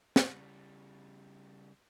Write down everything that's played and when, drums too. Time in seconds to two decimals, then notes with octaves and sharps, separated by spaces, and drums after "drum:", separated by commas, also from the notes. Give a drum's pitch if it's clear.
0.16 C#3 G3, drum: snare